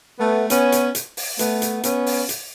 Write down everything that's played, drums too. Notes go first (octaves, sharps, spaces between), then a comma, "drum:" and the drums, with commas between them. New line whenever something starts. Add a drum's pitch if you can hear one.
A3 B3
B3 C#4, drum: hi-hat
drum: hi-hat
drum: hi-hat
drum: open hi-hat
A3 B3, drum: hi-hat
drum: hi-hat
B3 C#4, drum: hi-hat
drum: open hi-hat
drum: hi-hat